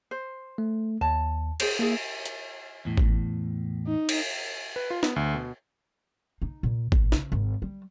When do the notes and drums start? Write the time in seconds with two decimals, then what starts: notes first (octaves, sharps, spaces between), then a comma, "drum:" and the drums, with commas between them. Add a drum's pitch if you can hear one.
0.11 C5
0.58 A3
1.01 D#2 A5
1.60 G#4 C5, drum: cymbal
1.79 A#3 E4 G#4
2.26 drum: hi-hat
2.85 E2 A2
2.98 drum: kick G#1
3.87 D#4
4.09 drum: cymbal
4.76 B4
4.90 F4
5.03 B3, drum: snare
5.16 D2
5.34 B2
6.42 D#4
6.63 A#2
6.92 A#1, drum: kick G#1
7.12 C#3, drum: snare
7.32 G#1
7.62 G3